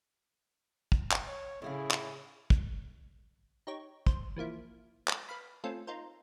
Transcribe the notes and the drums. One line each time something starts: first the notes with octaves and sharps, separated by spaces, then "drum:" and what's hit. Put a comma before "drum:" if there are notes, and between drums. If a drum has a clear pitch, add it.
drum: kick
drum: clap
C#5
A2 C#3 E4 G#4 F5
drum: clap
drum: kick
D#4 G4 C#5
C5, drum: kick
E3 F3 A#3 E4
drum: clap
B4 F5 B5
A3 C4 C#4 F4 A4
D#4 F4 A#4 C5